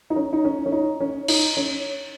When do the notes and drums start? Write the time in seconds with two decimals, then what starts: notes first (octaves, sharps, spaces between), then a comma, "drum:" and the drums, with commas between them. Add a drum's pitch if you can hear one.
0.10 D#4
0.16 C#4
0.33 D#4
0.45 C#4
0.66 C#4
0.72 D#4
1.00 C#4
1.28 D#4, drum: cymbal
1.57 C#4